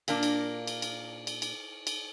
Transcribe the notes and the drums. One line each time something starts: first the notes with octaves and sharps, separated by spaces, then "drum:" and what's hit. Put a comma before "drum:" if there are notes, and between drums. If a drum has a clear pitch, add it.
A#2 A#3 D4, drum: cymbal
drum: cymbal
drum: cymbal
drum: cymbal
drum: cymbal
drum: cymbal
drum: cymbal